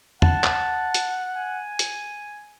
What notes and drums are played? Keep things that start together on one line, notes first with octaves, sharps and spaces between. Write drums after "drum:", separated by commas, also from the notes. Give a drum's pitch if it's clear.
F#5 A5, drum: tom
drum: clap
drum: hi-hat
G#5
drum: hi-hat